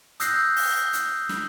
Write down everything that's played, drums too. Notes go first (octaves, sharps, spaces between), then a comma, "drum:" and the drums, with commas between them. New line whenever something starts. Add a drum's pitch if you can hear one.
D#6 E6 F#6 G6 A#6 C7, drum: hi-hat
drum: open hi-hat
drum: hi-hat
drum: snare